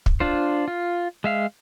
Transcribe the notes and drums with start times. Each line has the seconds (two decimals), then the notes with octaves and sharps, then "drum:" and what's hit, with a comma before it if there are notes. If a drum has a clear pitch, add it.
0.06 drum: kick
0.20 D4 F4 C5
0.68 F4
1.24 G#3 E5 F5